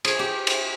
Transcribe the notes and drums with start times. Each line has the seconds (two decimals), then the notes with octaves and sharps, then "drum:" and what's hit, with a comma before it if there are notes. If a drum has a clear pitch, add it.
0.05 G#4, drum: cymbal
0.19 G4
0.47 drum: cymbal